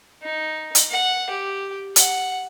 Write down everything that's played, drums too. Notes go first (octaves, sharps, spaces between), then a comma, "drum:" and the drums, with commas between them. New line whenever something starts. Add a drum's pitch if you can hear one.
D#4
drum: hi-hat
F#5
G4
F#5, drum: hi-hat